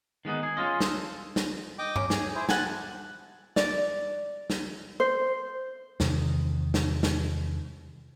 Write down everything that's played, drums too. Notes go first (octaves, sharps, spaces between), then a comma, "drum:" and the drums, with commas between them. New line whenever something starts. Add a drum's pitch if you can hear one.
D#3 G#3 B3 D#4
G#4
G#3 C#4 F4 D#5
A4, drum: snare
drum: snare
D#5 G5 D6
C#4 D6, drum: tom
G#4, drum: snare
E4 G#4 C5
F#5 G#5 A5, drum: snare
D5, drum: snare
drum: snare
C5
E2 C3 D#3, drum: snare
drum: snare
drum: snare